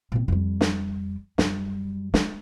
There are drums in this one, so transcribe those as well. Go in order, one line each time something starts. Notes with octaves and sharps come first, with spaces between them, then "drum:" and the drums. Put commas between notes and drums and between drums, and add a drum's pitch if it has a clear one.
A#2 C4
F2 G3
drum: snare
F#2 G3, drum: snare
G#3, drum: snare